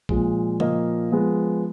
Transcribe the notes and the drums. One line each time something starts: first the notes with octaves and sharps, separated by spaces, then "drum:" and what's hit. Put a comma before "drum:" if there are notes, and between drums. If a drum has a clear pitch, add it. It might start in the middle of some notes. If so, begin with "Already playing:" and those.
A#2 F3 G#3, drum: kick A#1
A#2 F3 A#3 D#5, drum: tom C#3
F3 G#3 B3